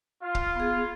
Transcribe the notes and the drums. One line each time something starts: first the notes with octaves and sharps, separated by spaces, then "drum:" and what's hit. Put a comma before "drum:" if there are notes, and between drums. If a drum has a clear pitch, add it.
F4
drum: kick
B3 G#4